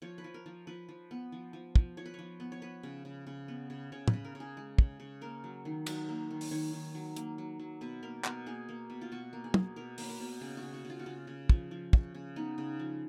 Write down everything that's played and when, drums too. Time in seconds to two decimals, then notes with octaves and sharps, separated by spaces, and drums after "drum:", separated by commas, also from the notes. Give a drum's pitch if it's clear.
0.02 F3 C#5
0.18 B4
0.24 F3
0.34 A#4
0.46 F3
0.67 F3 B4
0.89 F3
1.11 B3
1.32 F3
1.53 F3
1.76 F3, drum: kick
1.97 F3 C#5
2.06 B4
2.14 F3 C#5
2.40 B3
2.52 C#5
2.62 B3 B4
2.83 C#3
3.05 C#3
3.27 C#3
3.48 B3
3.70 C#3
3.92 C#3 C#5
4.08 B4, drum: tom
4.14 C#3
4.25 A#4
4.35 C#3
4.40 G#4
4.57 G#3
4.78 C#3, drum: kick
5.00 C#3
5.21 A#3 A#4
5.44 F#3
5.65 D#3
5.86 F#3, drum: cymbal
6.09 A#3
6.31 D#3
6.41 drum: open hi-hat
6.51 D#3 C#5
6.73 D#3
6.95 F#3
7.16 A#3, drum: hi-hat
7.38 F#3
7.60 F#3
7.81 B2 B4
8.03 A#3 A#4
8.24 B2 A#4, drum: clap
8.46 A#3 G#4
8.69 A#3
8.90 B2
9.01 F4
9.12 B2 F#4
9.33 A#3
9.44 G#4
9.54 A#3, drum: tom
9.76 B2 A#4
9.98 A#3 B4, drum: open hi-hat
10.09 A#4
10.20 B2
10.41 C#3 G#4
10.57 F#4
10.63 C#3
10.74 F#4
10.85 C#3
10.90 F4
10.99 F#4
11.06 C#3 F4
11.27 C#3
11.49 F3, drum: kick
11.71 F3
11.93 C#3, drum: kick
12.15 C#3
12.36 B3 D#4
12.58 C#3
12.79 F3